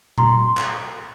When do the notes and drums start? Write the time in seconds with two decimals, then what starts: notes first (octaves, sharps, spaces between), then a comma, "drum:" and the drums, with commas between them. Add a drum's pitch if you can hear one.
0.18 A#5 C6, drum: tom A#2
0.57 drum: clap